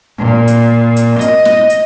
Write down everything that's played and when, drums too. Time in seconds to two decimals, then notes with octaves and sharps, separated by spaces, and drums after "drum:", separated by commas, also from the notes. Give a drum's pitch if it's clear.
0.18 A#2
0.47 drum: hi-hat
0.96 drum: hi-hat
1.21 D#5, drum: hi-hat
1.45 drum: snare
1.70 drum: hi-hat